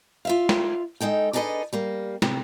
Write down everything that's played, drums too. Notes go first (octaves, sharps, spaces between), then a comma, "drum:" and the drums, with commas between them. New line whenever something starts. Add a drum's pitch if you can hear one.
F4 E5 F5
drum: snare
G#3 D#4 A4 G5
D4 D#4 G#4 A4 B4 D#5
G3 A#3
C3, drum: snare